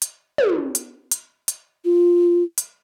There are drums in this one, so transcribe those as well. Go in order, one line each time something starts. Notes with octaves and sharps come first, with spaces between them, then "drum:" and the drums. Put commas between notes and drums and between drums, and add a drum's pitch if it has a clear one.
drum: hi-hat
drum: tom
drum: hi-hat
drum: hi-hat
drum: hi-hat
F4
drum: hi-hat